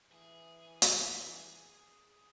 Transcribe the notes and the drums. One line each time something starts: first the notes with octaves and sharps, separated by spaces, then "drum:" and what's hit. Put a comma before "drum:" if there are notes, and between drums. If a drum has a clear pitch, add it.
E3 G#4
drum: hi-hat